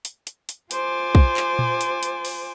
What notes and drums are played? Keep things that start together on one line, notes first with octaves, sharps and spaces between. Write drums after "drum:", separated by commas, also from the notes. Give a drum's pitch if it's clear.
drum: hi-hat
drum: hi-hat
drum: hi-hat
F4 C5 G#5 D6, drum: hi-hat
drum: kick
drum: clap
drum: tom A#2
drum: hi-hat
drum: hi-hat
drum: open hi-hat